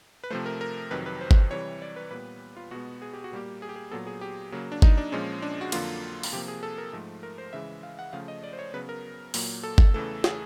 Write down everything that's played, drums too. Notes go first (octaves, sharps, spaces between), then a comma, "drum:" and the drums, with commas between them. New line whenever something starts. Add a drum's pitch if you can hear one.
B4
C3 F3 A3 C5
A#4
A#4
F2 C3 D#3 F#3 B4
B4
C5
drum: kick G1
C3 E3 G3 C#5
D5
B4
A#2 G3 B3 B4
F4
B2 G#3 B3 F#4
G#4
G4
F#4
A#2 G3 A#3 G4
G#4
G4
G#4
A#2 F#3 B3 A4
G#4
G4
C#3 F#3 A#3
D4
D#4, drum: kick G1
D4
A#2 F3 G#3 C#4
D4
F#4
F2 D3 F#3 A#3 F4, drum: cymbal
drum: open hi-hat
C3 F3 A#3 G4
G#4
A4
A#4
G#2 F3 A3
A#4
C5
C#3 E3 G#3 E5
F5
F#5
C#3 F3 A3 F5
D#5
D5
C5
C#5
C#3 F#3 B3 B4
A#4
A#2 F#3 A#3, drum: open hi-hat
A4
drum: kick G1
E2 C#3 E3 A3 A4
G#4, drum: snare